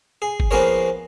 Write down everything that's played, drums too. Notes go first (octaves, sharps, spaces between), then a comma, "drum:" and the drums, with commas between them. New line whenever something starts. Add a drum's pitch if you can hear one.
G#4
drum: kick G1
F3 A#3 B3 G#4 A#4 C#5